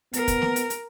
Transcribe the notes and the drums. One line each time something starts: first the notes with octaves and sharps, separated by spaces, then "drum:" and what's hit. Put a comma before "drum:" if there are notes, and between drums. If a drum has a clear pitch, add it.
B3 A#4, drum: hi-hat
drum: kick, hi-hat
drum: snare
drum: hi-hat
drum: hi-hat